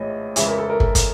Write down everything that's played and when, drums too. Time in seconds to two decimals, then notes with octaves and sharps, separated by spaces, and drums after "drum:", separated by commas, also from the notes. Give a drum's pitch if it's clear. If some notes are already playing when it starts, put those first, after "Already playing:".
Already playing: A#1 A2 E3 C#5 D#5
0.36 F2 C#3 E3 G#3 E5, drum: hi-hat
0.47 A#4
0.58 A4
0.69 A#4
0.80 A4, drum: kick
0.95 drum: kick, hi-hat